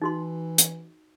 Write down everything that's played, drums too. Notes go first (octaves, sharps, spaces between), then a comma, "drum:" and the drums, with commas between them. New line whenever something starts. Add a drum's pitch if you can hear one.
E3 D#4 F#4 C6
drum: hi-hat